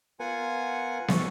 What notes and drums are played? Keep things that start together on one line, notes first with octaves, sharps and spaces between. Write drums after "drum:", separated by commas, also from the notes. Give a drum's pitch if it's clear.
B3 F4 A#4 F#5 G#5
A4 C#5, drum: snare